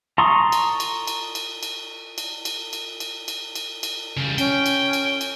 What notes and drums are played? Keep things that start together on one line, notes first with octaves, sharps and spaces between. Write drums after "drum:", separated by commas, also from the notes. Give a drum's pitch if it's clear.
A5 A#5 C6 C#6 D#6
drum: cymbal
drum: cymbal
drum: cymbal
drum: cymbal
drum: cymbal
drum: cymbal
drum: cymbal
drum: cymbal
drum: cymbal
drum: cymbal
drum: cymbal
drum: cymbal
C#3 G3
C#4 G5, drum: cymbal
drum: cymbal
drum: cymbal
drum: cymbal